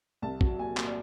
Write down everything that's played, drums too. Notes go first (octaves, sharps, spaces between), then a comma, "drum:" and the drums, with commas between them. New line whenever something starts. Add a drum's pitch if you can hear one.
C2 A5
F#3, drum: kick
A#2 G#5
A#2, drum: clap
D5